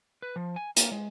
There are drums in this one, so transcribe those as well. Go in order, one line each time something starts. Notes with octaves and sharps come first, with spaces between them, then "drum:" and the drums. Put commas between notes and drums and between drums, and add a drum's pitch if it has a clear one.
B4
F3
G#5
A#3, drum: hi-hat
G#3